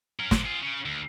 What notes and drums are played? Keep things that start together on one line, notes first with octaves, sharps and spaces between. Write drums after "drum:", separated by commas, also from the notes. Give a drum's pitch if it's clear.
C#4 A#4
A#2 D3, drum: snare
F4 G#4
C#3
D2